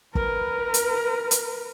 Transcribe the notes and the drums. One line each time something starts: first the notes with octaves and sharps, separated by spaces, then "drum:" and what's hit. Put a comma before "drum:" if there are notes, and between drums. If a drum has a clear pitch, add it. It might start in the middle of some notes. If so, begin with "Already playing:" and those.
A#4 B4, drum: kick
drum: hi-hat
drum: hi-hat